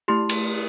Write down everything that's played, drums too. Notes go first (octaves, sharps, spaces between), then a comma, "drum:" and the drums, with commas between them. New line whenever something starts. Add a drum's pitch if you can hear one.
A3 E4 G4 C6
drum: cymbal